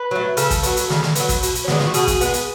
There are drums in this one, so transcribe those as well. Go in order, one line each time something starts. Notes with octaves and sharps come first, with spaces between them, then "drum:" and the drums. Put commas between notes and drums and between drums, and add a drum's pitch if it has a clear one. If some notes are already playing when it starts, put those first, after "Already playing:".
Already playing: B4
F#3 A3
C#3 A4, drum: hi-hat
drum: kick, hi-hat
F#3 B3, drum: hi-hat
drum: hi-hat
C#3, drum: snare
drum: snare
F#3 B3, drum: hi-hat
drum: kick, hi-hat
B2, drum: hi-hat
drum: hi-hat
C#4
G#3 B3 D4, drum: snare
F4, drum: snare
F#4
B2 G#4, drum: hi-hat
drum: kick, hi-hat
G#3 B3, drum: hi-hat
drum: hi-hat